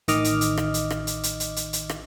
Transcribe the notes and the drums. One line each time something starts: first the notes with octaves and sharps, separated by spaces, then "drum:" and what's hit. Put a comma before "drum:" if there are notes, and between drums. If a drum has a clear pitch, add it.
A1 D#3 D#5 D6 F6, drum: hi-hat
drum: hi-hat
drum: hi-hat
drum: rim click
drum: hi-hat
drum: rim click
drum: hi-hat
drum: hi-hat
drum: hi-hat
drum: hi-hat
drum: hi-hat
drum: rim click